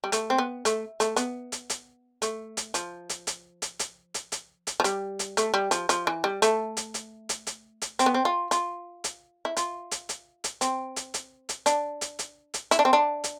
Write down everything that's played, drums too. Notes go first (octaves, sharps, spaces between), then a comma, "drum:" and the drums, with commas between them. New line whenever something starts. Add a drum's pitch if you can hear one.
G3
A3, drum: hi-hat
C4
B3
A3, drum: hi-hat
A3, drum: hi-hat
B3, drum: hi-hat
drum: hi-hat
drum: hi-hat
A3, drum: hi-hat
drum: hi-hat
F3, drum: hi-hat
drum: hi-hat
drum: hi-hat
drum: hi-hat
drum: hi-hat
drum: hi-hat
drum: hi-hat
drum: hi-hat
F3
G3, drum: hi-hat
drum: hi-hat
A3, drum: hi-hat
G3
F3, drum: hi-hat
F3, drum: hi-hat
E3
G3
A3, drum: hi-hat
drum: hi-hat
drum: hi-hat
drum: hi-hat
drum: hi-hat
drum: hi-hat
C4, drum: hi-hat
B3
C4
F4
F4, drum: hi-hat
drum: hi-hat
E4
F4, drum: hi-hat
drum: hi-hat
drum: hi-hat
drum: hi-hat
C4, drum: hi-hat
drum: hi-hat
drum: hi-hat
drum: hi-hat
D4, drum: hi-hat
drum: hi-hat
drum: hi-hat
drum: hi-hat
E4, drum: hi-hat
D4
C4
D4
drum: hi-hat